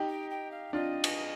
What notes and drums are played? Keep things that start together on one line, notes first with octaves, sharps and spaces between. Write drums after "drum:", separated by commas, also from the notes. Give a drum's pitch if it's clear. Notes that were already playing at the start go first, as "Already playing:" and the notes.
Already playing: D#4 G4
G5
G5
F5
D4 F4 D#5
drum: cymbal